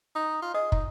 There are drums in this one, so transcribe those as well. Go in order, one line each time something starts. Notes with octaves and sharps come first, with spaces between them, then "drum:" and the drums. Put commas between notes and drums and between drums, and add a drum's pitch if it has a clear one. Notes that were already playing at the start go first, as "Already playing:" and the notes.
D#4
F4
G#4 D#5
D#4, drum: kick